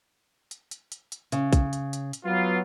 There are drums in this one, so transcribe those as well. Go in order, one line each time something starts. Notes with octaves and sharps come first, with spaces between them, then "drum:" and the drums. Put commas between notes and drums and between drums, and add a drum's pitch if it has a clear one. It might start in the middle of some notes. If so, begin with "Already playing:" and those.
drum: hi-hat
drum: hi-hat
drum: hi-hat
drum: hi-hat
C#3, drum: hi-hat
drum: kick A#1, hi-hat
drum: hi-hat
drum: hi-hat
drum: hi-hat
F#3 B3 F4